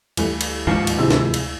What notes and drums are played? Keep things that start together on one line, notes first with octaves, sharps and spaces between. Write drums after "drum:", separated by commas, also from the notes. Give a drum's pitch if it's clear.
D2 E3 G3 A3, drum: cymbal
drum: cymbal
A1 D#2 G#2 D#3 F3 F5 C#6 E6
drum: cymbal
C3 G#3 E4 E6
drum: snare
drum: cymbal